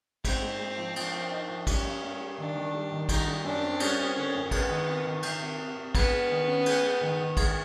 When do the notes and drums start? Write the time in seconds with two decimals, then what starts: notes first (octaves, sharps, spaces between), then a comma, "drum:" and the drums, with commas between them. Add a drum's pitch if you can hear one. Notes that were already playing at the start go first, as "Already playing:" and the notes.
0.25 G#2 C4, drum: kick, cymbal
0.42 G#2
0.59 G#2
0.77 F3
0.96 F3, drum: cymbal
1.13 F3
1.31 D#4
1.49 F3
1.67 G3 C#4, drum: kick, cymbal
1.84 G2
2.02 G2
2.21 G3
2.38 D#3 D4
2.55 D#3
2.73 G3
2.92 D#3
3.09 G3 D#4, drum: kick, cymbal
3.26 G3
3.44 F#2 D4
3.63 C4
3.80 G3 C#4, drum: cymbal
3.98 C4
4.16 D3 C#4
4.34 F#2
4.51 G#3 B3, drum: kick, cymbal
4.69 D#3
4.87 C3
5.05 D#3
5.23 D#3, drum: cymbal
5.40 C3
5.58 C3
5.76 C3
5.95 G#3 B3, drum: kick, cymbal
6.12 G#3
6.30 D#3
6.47 C#4
6.66 G#3, drum: cymbal
6.83 G#3
7.01 D#3
7.19 D#3
7.37 G#3, drum: kick, cymbal